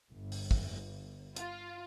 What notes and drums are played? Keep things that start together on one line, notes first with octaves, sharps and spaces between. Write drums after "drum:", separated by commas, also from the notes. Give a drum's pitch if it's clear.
G1
drum: open hi-hat
drum: kick
F4, drum: hi-hat